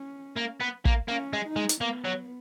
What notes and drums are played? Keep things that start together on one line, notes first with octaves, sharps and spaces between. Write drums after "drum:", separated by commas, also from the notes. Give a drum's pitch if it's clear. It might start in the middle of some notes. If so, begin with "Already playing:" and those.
Already playing: C#4
A#3
B3
A#3, drum: kick
A#3 C#4
G#3
D#4
G#3
drum: hi-hat
A#3 B3
F#3